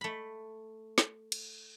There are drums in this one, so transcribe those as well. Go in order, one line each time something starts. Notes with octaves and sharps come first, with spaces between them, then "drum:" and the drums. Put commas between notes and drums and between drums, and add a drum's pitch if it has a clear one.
A3 B5
drum: snare
drum: cymbal